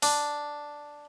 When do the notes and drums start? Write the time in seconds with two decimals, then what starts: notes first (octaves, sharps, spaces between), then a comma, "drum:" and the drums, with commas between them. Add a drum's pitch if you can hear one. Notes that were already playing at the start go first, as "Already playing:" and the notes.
0.03 D4, drum: open hi-hat